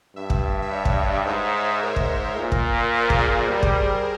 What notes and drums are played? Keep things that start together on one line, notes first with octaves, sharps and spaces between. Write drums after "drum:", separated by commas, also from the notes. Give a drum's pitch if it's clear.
G2 E5
drum: kick
E5
C#5
drum: kick
G#2 E5
C#5
C#5
C5
G#2 A#4
drum: kick
A#2
drum: kick
C5
A#4
G#4, drum: kick
A#4
G3
drum: kick